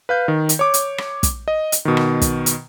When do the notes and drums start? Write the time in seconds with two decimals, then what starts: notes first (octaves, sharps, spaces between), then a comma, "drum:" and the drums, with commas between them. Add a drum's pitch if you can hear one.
0.09 B4 F5 G6
0.28 D#3
0.49 drum: hi-hat
0.59 C#5 D6
0.74 drum: hi-hat
0.98 drum: rim click
1.23 drum: kick, hi-hat
1.48 D#5
1.72 drum: hi-hat
1.85 B2 D#3
1.97 drum: rim click
2.22 drum: kick, hi-hat
2.46 drum: hi-hat